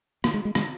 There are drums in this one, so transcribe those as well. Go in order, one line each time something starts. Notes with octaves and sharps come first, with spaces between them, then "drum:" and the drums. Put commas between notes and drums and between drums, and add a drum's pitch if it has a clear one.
A#3, drum: rim click
G#3
G#3
G#3, drum: rim click